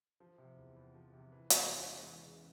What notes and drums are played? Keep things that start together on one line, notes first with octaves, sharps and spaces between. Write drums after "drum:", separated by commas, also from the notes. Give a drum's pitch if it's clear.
F3
C3
E2
E2
F3
C3
E3
C#3, drum: hi-hat
E2
G#3
E3
C#3